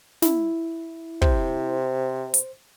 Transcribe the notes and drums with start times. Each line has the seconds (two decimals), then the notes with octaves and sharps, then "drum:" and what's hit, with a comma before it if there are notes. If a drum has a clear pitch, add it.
0.22 E4, drum: snare
1.22 C3 C5, drum: kick
2.34 drum: hi-hat